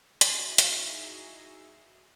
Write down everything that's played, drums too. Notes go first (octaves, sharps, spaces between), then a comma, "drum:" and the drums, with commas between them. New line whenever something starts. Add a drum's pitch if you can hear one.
D#4 E4 F#4 G#4 E5, drum: hi-hat
drum: hi-hat